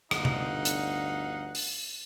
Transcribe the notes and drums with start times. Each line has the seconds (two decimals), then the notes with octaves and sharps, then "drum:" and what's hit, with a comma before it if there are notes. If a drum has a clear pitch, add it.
0.11 G1 D2 D#4 F5 F#5, drum: rim click
0.25 drum: tom C3
0.65 drum: hi-hat
1.55 drum: open hi-hat